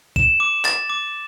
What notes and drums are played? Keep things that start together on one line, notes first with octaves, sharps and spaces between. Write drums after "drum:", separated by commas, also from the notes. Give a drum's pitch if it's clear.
E7, drum: kick
D6
A6, drum: clap
D6